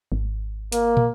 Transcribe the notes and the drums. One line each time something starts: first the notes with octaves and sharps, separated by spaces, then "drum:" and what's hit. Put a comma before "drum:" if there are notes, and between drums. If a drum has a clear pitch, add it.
G#1
A#3, drum: hi-hat
drum: tom